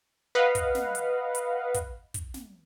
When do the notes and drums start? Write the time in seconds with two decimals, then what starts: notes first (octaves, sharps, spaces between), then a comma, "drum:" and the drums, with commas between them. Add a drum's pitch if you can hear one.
0.35 B4 D#5 F5 F#5
0.55 drum: kick, hi-hat
0.75 drum: snare
0.95 drum: hi-hat
1.35 drum: hi-hat
1.74 drum: kick, hi-hat
2.14 drum: kick, hi-hat
2.34 drum: snare